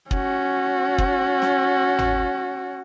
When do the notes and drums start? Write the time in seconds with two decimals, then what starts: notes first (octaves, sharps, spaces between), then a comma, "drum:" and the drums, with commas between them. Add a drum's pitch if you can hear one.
0.11 C#4 F#4, drum: kick
0.98 drum: kick
1.42 drum: snare
1.98 drum: tom